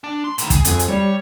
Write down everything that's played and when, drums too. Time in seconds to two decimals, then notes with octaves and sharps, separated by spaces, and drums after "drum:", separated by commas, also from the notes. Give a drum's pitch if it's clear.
0.04 D4
0.24 C6
0.38 A2 D#3, drum: hi-hat
0.50 G#4, drum: kick, hi-hat
0.65 F2, drum: hi-hat
0.79 drum: hi-hat
0.88 G3 C#5